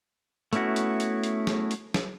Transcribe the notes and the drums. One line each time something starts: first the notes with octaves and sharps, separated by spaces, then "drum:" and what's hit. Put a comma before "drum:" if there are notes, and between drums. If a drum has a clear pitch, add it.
A3 B3 C#4 E4 F#4, drum: hi-hat
drum: hi-hat
drum: hi-hat
drum: hi-hat
drum: snare
drum: hi-hat
drum: snare